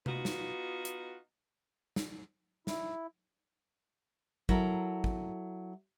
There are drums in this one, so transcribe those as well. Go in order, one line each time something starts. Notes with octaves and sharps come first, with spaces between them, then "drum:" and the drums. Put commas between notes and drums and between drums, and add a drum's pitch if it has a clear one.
B3 D#4 F4 F#4, drum: tom C3
drum: snare
drum: hi-hat
drum: snare
E4, drum: snare
F#3 E4 A4 A#4, drum: kick
drum: kick